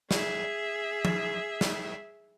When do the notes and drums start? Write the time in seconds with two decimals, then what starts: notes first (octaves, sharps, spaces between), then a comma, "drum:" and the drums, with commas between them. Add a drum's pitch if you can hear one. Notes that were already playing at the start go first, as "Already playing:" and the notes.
0.11 G#4 E5, drum: snare
1.05 drum: tom
1.61 drum: snare